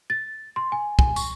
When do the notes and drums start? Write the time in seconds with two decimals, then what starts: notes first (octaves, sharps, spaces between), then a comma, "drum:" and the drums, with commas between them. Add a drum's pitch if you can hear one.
0.10 A6
0.56 C6
0.72 G#5
0.99 G#5, drum: kick
1.16 C#6, drum: tambourine